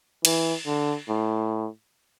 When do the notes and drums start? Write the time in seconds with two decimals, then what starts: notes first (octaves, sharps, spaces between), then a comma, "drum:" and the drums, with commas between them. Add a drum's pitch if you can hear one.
0.25 E3, drum: cymbal
0.67 D3
1.09 A2